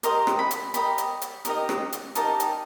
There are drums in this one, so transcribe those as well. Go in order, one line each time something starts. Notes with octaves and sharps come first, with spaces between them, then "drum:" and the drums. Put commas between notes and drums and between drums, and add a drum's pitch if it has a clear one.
G4 A#4 D#5 C6, drum: hi-hat
drum: rim click
B5
drum: hi-hat
G4 A#4 D#5 B5, drum: hi-hat
drum: hi-hat
drum: hi-hat
D#4 G4 A#4 D#5, drum: hi-hat
drum: rim click
drum: hi-hat
D#4 G4 A#4 D#5 A5, drum: hi-hat
drum: hi-hat